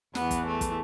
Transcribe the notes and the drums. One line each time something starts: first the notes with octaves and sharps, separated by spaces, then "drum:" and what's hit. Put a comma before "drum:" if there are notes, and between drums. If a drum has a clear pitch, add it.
E2 E3 B3, drum: snare
drum: kick, hi-hat
A3
drum: kick, hi-hat